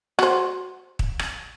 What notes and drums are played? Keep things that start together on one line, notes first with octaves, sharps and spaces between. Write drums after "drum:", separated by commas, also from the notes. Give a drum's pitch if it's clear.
F#4 C5, drum: rim click
drum: kick
drum: rim click